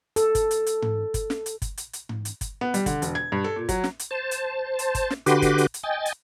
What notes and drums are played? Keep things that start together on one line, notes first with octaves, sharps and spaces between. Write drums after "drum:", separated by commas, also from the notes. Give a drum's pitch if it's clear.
A4, drum: hi-hat
drum: kick G1, hi-hat
drum: hi-hat
drum: hi-hat
drum: tom G#2
drum: kick G1, hi-hat
drum: snare
drum: hi-hat
drum: kick G1, hi-hat
drum: hi-hat
drum: hi-hat
drum: tom G#2
drum: hi-hat
drum: kick G1, hi-hat
B3
G3, drum: hi-hat
D3, drum: kick G1, hi-hat
E1, drum: hi-hat
G#6
G2
A4
A#2
F#3, drum: kick G1, hi-hat
drum: snare
drum: hi-hat
C5 A5
drum: hi-hat
drum: hi-hat
drum: kick G1, hi-hat
drum: snare
D3 F#4 G4 B4 C6 D6, drum: hi-hat
drum: kick G1, hi-hat
drum: hi-hat
drum: hi-hat
D#5 G5 G#5 A6
drum: hi-hat